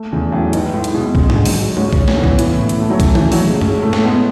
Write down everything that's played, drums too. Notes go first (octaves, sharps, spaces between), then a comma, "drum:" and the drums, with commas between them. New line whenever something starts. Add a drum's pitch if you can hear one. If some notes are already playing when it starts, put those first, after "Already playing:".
Already playing: A3
E2 C#3
A2 F#3
G#2 B4, drum: hi-hat
A2 G#3
drum: hi-hat
B2 G#4
C#3 G#3, drum: kick B1
D3, drum: tom G#2
G#3
F#3, drum: open hi-hat
F#3 G#4
C#4 F#4, drum: tom G#3
C#3 C#4, drum: kick B1
C#4, drum: snare
D3 B3
E3, drum: kick B1
A2, drum: hi-hat
A2
drum: hi-hat
A3
F#3
C#3 E3, drum: kick B1, hi-hat
E3, drum: tom
C#3
F#3, drum: open hi-hat
A3
G#3
C#4, drum: tom
A2 A3
drum: snare
G#3 B3